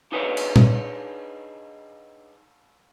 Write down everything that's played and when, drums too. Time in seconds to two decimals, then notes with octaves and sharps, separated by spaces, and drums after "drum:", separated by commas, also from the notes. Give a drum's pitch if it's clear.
0.12 D4 D#4 G#4 B4 C#5 D5
0.37 drum: cymbal
0.56 drum: tom A#2